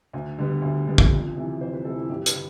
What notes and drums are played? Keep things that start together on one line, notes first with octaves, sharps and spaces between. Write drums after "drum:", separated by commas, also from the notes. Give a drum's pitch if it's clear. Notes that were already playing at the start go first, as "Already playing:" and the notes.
D2
D3 G3 B3
D2
D3 G3 B3
drum: kick
F2
C3 E3
F2 C5
B4
C3 E3 A4
E4
G2 G4
B4, drum: hi-hat
D3